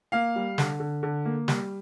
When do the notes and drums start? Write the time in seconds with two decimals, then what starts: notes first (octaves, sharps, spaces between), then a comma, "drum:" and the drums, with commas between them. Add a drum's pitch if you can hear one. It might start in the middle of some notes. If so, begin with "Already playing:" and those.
0.12 A#3 F5
0.36 G3
0.58 D3, drum: snare
0.80 D3
1.03 D3
1.25 A#3
1.48 G3, drum: snare